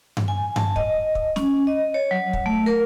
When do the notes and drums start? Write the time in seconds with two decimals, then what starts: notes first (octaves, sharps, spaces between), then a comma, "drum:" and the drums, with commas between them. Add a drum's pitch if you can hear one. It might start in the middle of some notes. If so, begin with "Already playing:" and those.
0.17 drum: tom G2
0.28 G#5
0.56 A5, drum: tom G2
0.76 D#5, drum: kick
1.15 drum: kick
1.36 C#4, drum: snare
1.67 D#5
1.94 C#5
2.11 F#3
2.33 drum: kick
2.46 A3
2.66 A#4